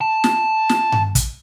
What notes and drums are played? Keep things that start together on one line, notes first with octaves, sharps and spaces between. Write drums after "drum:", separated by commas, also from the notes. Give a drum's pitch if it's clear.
A5
drum: snare
drum: snare
drum: tom G2
drum: kick, hi-hat